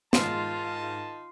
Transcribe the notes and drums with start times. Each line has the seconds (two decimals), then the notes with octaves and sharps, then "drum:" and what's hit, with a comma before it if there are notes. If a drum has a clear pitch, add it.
0.13 G#2 D#3 D#4 F4 A5 C6 C7, drum: snare